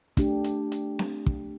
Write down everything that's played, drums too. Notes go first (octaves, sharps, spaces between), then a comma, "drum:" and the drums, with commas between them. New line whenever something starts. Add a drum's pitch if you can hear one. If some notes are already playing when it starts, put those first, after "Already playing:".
A3 D4 G4, drum: kick, hi-hat
drum: hi-hat
drum: hi-hat
drum: snare C4
drum: kick